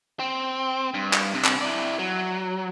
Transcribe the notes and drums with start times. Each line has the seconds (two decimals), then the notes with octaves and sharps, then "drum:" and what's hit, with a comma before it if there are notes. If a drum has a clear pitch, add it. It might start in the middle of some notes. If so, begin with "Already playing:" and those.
0.20 C4
0.94 G2
1.13 drum: clap
1.35 C3
1.45 drum: clap
1.61 E4 D5
1.99 F#3